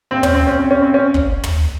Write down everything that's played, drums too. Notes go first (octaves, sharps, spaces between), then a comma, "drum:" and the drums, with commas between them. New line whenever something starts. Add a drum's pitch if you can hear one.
C2 A#2 C4
C#4, drum: tom
C4
C#4
C4
C#4
C4
C#4
drum: kick
drum: tom